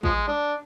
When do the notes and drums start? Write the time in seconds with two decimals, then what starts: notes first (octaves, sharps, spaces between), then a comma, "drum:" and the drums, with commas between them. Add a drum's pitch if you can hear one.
0.03 F3 G#3, drum: kick
0.27 D4